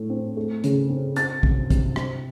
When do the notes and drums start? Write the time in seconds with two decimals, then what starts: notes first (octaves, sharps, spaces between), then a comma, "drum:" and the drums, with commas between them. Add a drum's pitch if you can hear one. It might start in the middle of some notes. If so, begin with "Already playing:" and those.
Already playing: A2 A3
0.10 C4
0.37 A3
0.64 C#3, drum: hi-hat
0.89 C4
1.16 C4 A6, drum: hi-hat
1.43 C3, drum: kick
1.70 C3, drum: kick, hi-hat
1.96 C4, drum: rim click